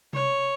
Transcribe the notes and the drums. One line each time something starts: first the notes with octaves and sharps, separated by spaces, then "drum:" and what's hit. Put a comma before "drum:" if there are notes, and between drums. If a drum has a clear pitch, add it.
C#5, drum: tom C3